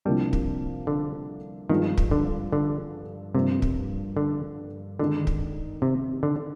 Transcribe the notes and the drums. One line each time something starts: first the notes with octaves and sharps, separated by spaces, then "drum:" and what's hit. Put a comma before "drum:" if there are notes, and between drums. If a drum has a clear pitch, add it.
C2 C3 F3 G3 A#3 D4
drum: kick
D3
G2 D#3 F3 G#3
drum: kick
D3
D3
G2 C3 F3 A#3
drum: kick
D3
D3 D#3 G#3 D#4
drum: kick
C3
D3